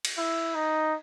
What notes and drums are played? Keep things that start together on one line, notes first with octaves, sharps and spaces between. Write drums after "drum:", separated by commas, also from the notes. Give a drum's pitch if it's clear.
drum: cymbal
E4
D#4